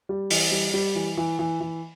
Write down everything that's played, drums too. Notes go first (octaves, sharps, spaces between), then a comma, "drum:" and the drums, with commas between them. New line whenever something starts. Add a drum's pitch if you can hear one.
G3
E3, drum: open hi-hat
G3
G3
E3
E3
E3
E3